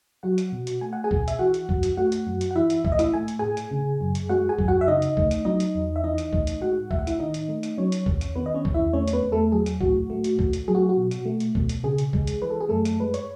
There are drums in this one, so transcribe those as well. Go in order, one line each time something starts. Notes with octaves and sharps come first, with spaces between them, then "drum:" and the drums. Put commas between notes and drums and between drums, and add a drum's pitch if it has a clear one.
F#3 F#4 F#5
drum: hi-hat
B2
drum: hi-hat
A3 G#5
F#5
G#4 G#5
B2, drum: kick C2
E5, drum: hi-hat
E3 F#4 F#5
drum: hi-hat
F#2, drum: kick C2
drum: hi-hat
A3 F#4 F#5
drum: hi-hat
F#2
drum: hi-hat
F#5
E3 E4 E5
drum: hi-hat
A2 E5, drum: kick C2
D#5
E4 E5, drum: hi-hat
A3 G#5
drum: hi-hat
A2 G#4 G#5
drum: hi-hat
C#3
F#2
drum: hi-hat
G#3 F#4 F#5
G#4 G#5
F#2, drum: kick C2
F#4 F#5
E5
C#3 D#4 D#5
drum: hi-hat
A3, drum: kick C2
drum: hi-hat
F#3 D#4 D#5
drum: hi-hat
E2
E5
E3 D#4 D#5
drum: hi-hat
A2, drum: kick C2
drum: hi-hat
G#3 F#4 F#5
A2 E5, drum: kick C2
F#5
E4 E5, drum: hi-hat
D#3 D#4 D#5
drum: hi-hat
A3
drum: hi-hat
F#3 C#4 C#5
drum: hi-hat
E2, drum: kick C2
drum: hi-hat
D#3 B3 B4
D#5
C#4 C#5
E2, drum: kick C2
E4 E5
A3 C#4 C#5
C#5, drum: hi-hat
B3 B4
E2
A3 A4
F#3 G#4
drum: hi-hat
A2 F#4, drum: kick C2
A3
drum: hi-hat
A2, drum: kick C2
drum: hi-hat
F#3 G#4
F#4
F#4
B2
drum: hi-hat
A3
drum: hi-hat
B2, drum: kick C2
drum: hi-hat
C#3 G#4
drum: hi-hat
G#3, drum: kick C2
drum: hi-hat
E3 B4
A4
G#4
F#2 A3 A4
drum: hi-hat
G#3 B4
C#5, drum: hi-hat